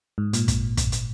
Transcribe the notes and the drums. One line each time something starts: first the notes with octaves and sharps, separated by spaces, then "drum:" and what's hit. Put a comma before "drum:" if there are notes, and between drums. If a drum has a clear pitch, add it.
G#2
A#2, drum: hi-hat
drum: kick, hi-hat
drum: kick, hi-hat
drum: hi-hat